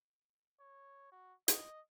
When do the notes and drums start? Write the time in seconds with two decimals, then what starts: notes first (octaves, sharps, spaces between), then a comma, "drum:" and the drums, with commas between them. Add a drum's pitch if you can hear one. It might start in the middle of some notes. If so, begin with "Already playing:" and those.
0.60 C#5
1.12 F#4
1.48 D#5, drum: hi-hat